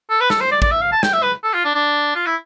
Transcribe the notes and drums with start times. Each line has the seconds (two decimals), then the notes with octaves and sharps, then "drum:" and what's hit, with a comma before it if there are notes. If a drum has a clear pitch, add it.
0.10 A4
0.21 B4
0.30 A4, drum: snare
0.41 C5
0.51 D5
0.62 D5, drum: kick
0.71 E5
0.81 F5
0.92 A5
1.03 G5, drum: snare
1.13 E5
1.23 B4
1.44 A4
1.54 F4
1.65 D4
1.75 D4
2.15 F4
2.26 E4